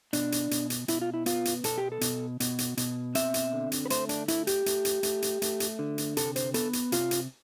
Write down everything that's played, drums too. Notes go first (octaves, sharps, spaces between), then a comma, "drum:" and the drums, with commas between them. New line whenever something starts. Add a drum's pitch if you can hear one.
B2 D4, drum: hi-hat
drum: hi-hat
B2, drum: hi-hat
drum: hi-hat
B2 E4, drum: hi-hat
F4
E4
B3 F4, drum: hi-hat
drum: hi-hat
B2 A4, drum: hi-hat
G4
A4
B2, drum: hi-hat
B2, drum: hi-hat
drum: hi-hat
B2, drum: hi-hat
C4 E5, drum: hi-hat
drum: hi-hat
D3
drum: hi-hat
B4
A3 C5, drum: hi-hat
D4, drum: hi-hat
A3 E4, drum: hi-hat
G4, drum: hi-hat
A3, drum: hi-hat
drum: hi-hat
A3, drum: hi-hat
drum: hi-hat
A3, drum: hi-hat
drum: hi-hat
D3
drum: hi-hat
C3 A4, drum: hi-hat
C5, drum: hi-hat
B3 A4, drum: hi-hat
drum: hi-hat
C3 F4, drum: hi-hat
drum: hi-hat